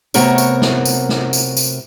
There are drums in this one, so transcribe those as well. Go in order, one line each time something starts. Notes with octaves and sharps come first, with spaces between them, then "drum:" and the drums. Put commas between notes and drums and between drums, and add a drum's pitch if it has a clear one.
C3 A3 B3 F#4 A#4 C#5, drum: tambourine
drum: tambourine
drum: snare
drum: tambourine
drum: snare
drum: tambourine
drum: tambourine